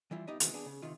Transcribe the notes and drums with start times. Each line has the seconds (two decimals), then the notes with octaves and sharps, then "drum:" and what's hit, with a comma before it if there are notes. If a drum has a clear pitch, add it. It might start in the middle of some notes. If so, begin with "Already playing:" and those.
0.11 E3 G3 E4 F4
0.27 B3 D#4 G4 D#5 E5
0.40 C3 D#3 E3 G#3 B3 F#4, drum: hi-hat
0.54 B3 D4 G#4
0.66 C#3
0.82 C3 D#3 F4